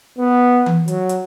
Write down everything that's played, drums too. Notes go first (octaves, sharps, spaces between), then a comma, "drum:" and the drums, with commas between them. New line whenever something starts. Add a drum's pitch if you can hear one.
B3
drum: tom E3
F#3, drum: hi-hat
drum: hi-hat